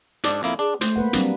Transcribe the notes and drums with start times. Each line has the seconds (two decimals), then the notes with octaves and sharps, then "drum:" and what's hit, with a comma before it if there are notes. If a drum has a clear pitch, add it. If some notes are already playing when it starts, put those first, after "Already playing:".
0.24 G#2 D4 D5, drum: hi-hat
0.43 F2 A#3 E4
0.59 D4 G#4
0.81 A3 C5, drum: hi-hat
0.96 A#3 B4 F#5
1.13 F#3 G3 C4 D4, drum: hi-hat